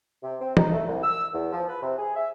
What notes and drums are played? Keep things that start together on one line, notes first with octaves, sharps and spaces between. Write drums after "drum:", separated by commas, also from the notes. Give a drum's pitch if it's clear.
C3
C4
D#4, drum: tom E3
A3
C2
E6
E2
F3
B4
C3
G#4
E5